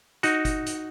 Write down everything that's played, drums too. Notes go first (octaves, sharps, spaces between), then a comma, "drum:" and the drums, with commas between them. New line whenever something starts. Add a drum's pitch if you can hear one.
D#4 F#4, drum: hi-hat
drum: kick F#1, hi-hat
drum: hi-hat